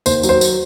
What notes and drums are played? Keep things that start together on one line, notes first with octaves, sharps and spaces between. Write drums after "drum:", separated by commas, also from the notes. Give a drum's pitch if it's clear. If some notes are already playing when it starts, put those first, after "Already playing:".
D#2 C5, drum: tambourine
F#3, drum: tambourine
C5
drum: tambourine